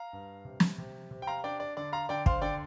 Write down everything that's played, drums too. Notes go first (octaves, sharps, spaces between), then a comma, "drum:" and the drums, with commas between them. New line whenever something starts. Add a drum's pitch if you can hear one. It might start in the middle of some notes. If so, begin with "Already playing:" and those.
Already playing: F5 A#5
G2
C3
drum: snare
C3
C3
G5
F5 A#5
D4 D5 G5
D5
D3 D5
F5 A#5
D3 D5 G5
C5 F5, drum: kick
D3 D5 G5